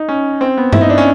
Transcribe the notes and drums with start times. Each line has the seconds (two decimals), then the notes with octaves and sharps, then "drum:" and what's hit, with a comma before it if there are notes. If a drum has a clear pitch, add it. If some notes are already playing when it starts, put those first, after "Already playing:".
Already playing: D#4
0.08 C#4
0.41 C4
0.57 B3
0.73 E4, drum: tom G2
0.81 D#4
0.90 D4
0.98 C#4